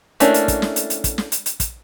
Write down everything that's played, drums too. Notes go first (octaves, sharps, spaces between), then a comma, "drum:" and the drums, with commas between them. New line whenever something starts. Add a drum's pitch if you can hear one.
A3 A#3 C#4 D4 E4, drum: hi-hat
drum: hi-hat
drum: kick, hi-hat
drum: snare
drum: hi-hat
drum: hi-hat
drum: kick, hi-hat
drum: snare
drum: hi-hat
drum: hi-hat
drum: kick, hi-hat